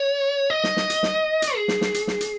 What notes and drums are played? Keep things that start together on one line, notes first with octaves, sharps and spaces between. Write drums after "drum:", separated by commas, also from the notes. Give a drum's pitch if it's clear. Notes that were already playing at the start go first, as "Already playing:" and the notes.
Already playing: C#5
D#5
drum: snare
drum: snare
drum: hi-hat
drum: snare
drum: hi-hat
G#4
drum: snare
drum: snare
drum: hi-hat
drum: snare
drum: hi-hat